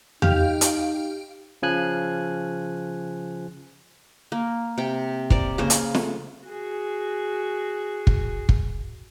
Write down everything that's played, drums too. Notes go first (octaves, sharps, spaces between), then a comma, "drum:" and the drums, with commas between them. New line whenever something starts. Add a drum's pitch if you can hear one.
D#4 G4 F5, drum: tom E2
drum: hi-hat
C#3 F3 G#5 F#6
A#3
C3 G5
A#4 C5 D5, drum: kick
C#3 A#3 C5
drum: hi-hat
A3, drum: snare
F#4 G#4
drum: kick
drum: kick